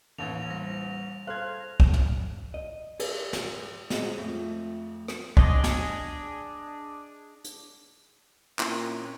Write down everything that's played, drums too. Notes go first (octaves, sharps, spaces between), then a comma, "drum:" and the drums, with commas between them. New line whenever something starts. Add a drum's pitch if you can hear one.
A1 D#2 E3 F5 G#6 F7
G3 C5 A#6
A4 C5 F5 F#6 G#6
drum: kick
drum: tom
D#5
G#4, drum: cymbal
A#4, drum: snare
F#3 G#3 C4 F4, drum: snare
F2 A3
drum: rim click
D4 G#4 D#5, drum: kick
drum: snare
drum: hi-hat
A#2 C4 C#4 E4 C6, drum: clap